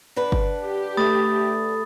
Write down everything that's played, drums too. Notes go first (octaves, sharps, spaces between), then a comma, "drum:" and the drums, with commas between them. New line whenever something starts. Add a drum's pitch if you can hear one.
D3 D4 B4
drum: kick G1
G4
A3 B5 D#6 A6